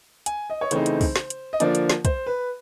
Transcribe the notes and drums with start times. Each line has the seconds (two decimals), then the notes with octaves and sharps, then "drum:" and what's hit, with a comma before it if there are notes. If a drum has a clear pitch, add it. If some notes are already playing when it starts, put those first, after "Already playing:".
0.26 G#5, drum: hi-hat
0.50 D#5
0.61 C#5
0.71 C#3 E3 A3 C4 D#4 C5, drum: hi-hat
0.86 drum: hi-hat
1.01 drum: kick, open hi-hat
1.16 drum: snare
1.30 drum: hi-hat
1.53 D#5
1.60 D3 F3 A#3 D4 D5, drum: hi-hat
1.75 drum: hi-hat
1.90 drum: snare
2.05 C5, drum: kick, hi-hat
2.27 B4